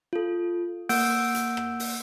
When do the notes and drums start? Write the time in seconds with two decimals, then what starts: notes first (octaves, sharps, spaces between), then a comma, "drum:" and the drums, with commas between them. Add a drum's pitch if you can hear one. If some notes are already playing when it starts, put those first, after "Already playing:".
0.13 F4 A4
0.89 A#3 F#5 E6 G6 D7, drum: open hi-hat
1.35 drum: hi-hat
1.57 drum: rim click
1.80 drum: open hi-hat